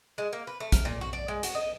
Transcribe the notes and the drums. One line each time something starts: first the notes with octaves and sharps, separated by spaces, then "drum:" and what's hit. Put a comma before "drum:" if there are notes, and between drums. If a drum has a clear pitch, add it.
G#3
A#3
B4
A3
A#4, drum: kick, hi-hat
A#2
F#4
D5
G#3
F#4, drum: hi-hat
D#5